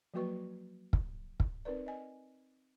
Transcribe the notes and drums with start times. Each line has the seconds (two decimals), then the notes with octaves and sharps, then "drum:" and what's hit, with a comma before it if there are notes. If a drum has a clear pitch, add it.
0.14 F3 F#3 A#3 F#4 B4 C#6
0.93 drum: kick
1.40 drum: kick
1.65 C4 D#4 A#4 B4 D5
1.86 D#5 G#5